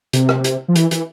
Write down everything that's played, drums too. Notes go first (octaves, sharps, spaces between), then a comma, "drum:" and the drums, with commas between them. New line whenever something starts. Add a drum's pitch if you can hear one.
C3, drum: hi-hat
drum: rim click
drum: hi-hat
F3
E3, drum: hi-hat
E3, drum: hi-hat